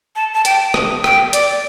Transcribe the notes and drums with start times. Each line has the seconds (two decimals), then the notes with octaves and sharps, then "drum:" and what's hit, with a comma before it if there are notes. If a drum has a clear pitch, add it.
0.16 A5
0.34 A5
0.45 G5, drum: hi-hat
0.74 drum: rim click
1.04 G5, drum: rim click
1.33 D5, drum: hi-hat